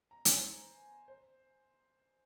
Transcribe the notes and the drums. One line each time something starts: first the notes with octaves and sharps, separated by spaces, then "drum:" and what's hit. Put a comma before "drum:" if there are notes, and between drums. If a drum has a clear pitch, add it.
A#5
G#5, drum: hi-hat
C5
C5